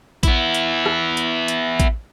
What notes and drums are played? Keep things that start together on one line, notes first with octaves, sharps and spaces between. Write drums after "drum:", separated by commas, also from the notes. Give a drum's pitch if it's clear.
B3 E4, drum: kick A1, hi-hat
drum: hi-hat
drum: rim click
drum: hi-hat
drum: hi-hat
drum: kick A1, hi-hat